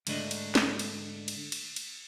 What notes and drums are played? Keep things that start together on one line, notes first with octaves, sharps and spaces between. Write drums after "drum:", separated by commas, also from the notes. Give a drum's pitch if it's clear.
G#2 D3 A3 D4 D#5, drum: cymbal
drum: cymbal
drum: snare
drum: cymbal
drum: cymbal
drum: cymbal
drum: cymbal